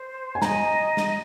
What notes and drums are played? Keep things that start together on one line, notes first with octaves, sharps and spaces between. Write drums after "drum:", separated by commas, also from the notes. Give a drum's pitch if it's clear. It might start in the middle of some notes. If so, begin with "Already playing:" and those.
Already playing: C5
G#5
D#5 A#5, drum: snare
drum: snare